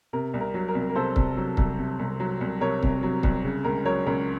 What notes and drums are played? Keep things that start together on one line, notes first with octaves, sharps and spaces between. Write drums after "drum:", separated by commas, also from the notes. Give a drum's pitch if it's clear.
C3 A#4
C2
A#4
F#3
A#4
C2
A#4
C3 A4 C5
C2, drum: kick C#1
F#3
C2, drum: kick C#1
C3
C2
F#3
C2
C3 A#4 C#5
C2, drum: kick C#1
F#3
C2, drum: kick C#1
C#3
C#2 A#4
F#3 A#4 C#5
C#2 A#4